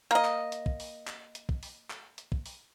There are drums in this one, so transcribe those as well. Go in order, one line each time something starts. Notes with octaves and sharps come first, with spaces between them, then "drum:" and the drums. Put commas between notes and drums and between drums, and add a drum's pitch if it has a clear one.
A#3 D#5
drum: clap
drum: hi-hat
drum: kick
drum: open hi-hat
drum: clap
drum: hi-hat
drum: kick
drum: open hi-hat
drum: clap
drum: hi-hat
drum: kick
drum: open hi-hat